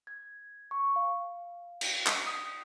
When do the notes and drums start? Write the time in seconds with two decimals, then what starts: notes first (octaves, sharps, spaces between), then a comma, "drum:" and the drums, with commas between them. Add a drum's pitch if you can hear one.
0.07 G#6
0.71 C#6
0.96 F5
1.81 drum: cymbal
2.07 B6, drum: clap
2.26 D#6